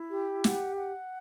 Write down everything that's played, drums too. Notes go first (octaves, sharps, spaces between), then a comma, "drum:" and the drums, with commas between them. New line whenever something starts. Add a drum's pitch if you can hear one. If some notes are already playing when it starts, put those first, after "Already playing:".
Already playing: E4
G4
F#5, drum: snare
F#5